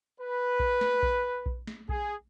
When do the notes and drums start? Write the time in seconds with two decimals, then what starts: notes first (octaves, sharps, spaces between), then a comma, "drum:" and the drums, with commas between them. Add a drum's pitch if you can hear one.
0.20 B4
0.60 drum: kick A#1
0.81 drum: snare
1.03 drum: kick A#1
1.46 drum: kick A#1
1.67 drum: snare
1.89 G#4, drum: kick A#1